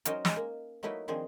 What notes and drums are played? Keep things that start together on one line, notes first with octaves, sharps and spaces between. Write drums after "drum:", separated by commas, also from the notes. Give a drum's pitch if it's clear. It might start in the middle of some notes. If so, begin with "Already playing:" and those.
F#3 C#4 D#4 A#4 C5 D#5, drum: hi-hat
G#3, drum: snare
A#3
F#3 A3 A#3 D#4 E4 B4
D#3 F3 C4 D4 G#4